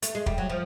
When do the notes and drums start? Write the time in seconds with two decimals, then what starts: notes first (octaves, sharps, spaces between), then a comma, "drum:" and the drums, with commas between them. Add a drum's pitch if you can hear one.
0.02 A3, drum: hi-hat
0.15 G#3
0.26 G3, drum: kick
0.38 F#3
0.50 F3